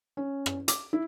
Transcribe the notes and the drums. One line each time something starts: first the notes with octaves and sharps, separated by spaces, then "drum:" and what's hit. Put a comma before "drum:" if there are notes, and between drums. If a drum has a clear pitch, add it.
C#4
drum: rim click
D6, drum: hi-hat
E4